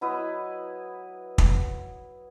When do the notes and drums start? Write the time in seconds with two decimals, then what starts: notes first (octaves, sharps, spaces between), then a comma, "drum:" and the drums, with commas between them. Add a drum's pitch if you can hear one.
0.01 F#3 E4 B4 D#5
1.38 drum: kick